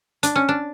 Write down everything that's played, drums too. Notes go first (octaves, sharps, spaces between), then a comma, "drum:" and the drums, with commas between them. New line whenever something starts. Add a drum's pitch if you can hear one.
D4, drum: hi-hat
C#4
D4